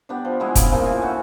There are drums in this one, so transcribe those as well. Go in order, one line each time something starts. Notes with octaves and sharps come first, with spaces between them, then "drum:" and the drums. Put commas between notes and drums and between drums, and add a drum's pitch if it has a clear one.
B3 D4 G4
F3
G#3 B3 E4
C#3, drum: kick, hi-hat
F3 A#3 D#4
E3
A3 C#4 F#4